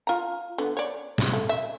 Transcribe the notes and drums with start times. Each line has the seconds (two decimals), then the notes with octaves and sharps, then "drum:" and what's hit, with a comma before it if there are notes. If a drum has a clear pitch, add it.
0.07 F4 A#5
0.58 D3 B3
0.77 C#5 D5
1.18 drum: snare
1.33 A3
1.49 E5